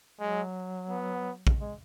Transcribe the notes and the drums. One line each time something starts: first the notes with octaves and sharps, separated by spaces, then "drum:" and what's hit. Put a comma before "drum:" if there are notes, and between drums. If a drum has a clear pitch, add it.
F#3 G#3
B3
drum: kick A#1
G#3